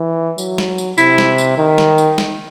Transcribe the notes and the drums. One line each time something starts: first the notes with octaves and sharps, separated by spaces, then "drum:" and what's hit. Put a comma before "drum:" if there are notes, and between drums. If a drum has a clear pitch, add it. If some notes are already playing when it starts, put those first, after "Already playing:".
Already playing: E3
F#3, drum: tambourine
drum: snare
drum: tambourine
C3 E4, drum: tambourine
drum: snare
drum: tambourine
D#3
drum: snare
drum: tambourine
drum: snare